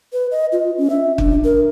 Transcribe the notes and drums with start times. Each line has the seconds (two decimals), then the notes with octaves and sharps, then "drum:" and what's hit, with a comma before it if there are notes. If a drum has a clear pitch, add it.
0.13 B4
0.31 D#5
0.52 F4
0.78 C#4
0.90 E5
1.18 D4, drum: kick
1.44 A#4